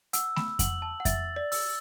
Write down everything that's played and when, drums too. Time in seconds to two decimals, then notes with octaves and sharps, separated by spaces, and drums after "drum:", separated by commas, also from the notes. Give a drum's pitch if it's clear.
0.13 F#5 E6, drum: hi-hat
0.36 B5, drum: snare A3
0.59 F#5 F#7, drum: kick F2, hi-hat
0.82 A5
1.00 F#5
1.05 E5 A6, drum: kick F2, hi-hat
1.36 D5
1.52 E6, drum: open hi-hat